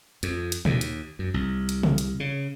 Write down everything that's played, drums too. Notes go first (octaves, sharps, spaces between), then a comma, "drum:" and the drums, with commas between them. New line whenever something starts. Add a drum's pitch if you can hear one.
F2, drum: hi-hat
drum: hi-hat
D#2, drum: tom A#2
drum: hi-hat
F#2
C2
drum: hi-hat
drum: tom C3
drum: hi-hat
C#3